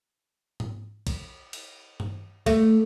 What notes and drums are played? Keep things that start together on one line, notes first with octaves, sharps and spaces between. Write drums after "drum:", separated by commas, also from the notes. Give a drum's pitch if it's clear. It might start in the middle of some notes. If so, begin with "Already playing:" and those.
drum: tom G#2
drum: kick, cymbal
drum: cymbal
drum: tom G2
A3, drum: kick, cymbal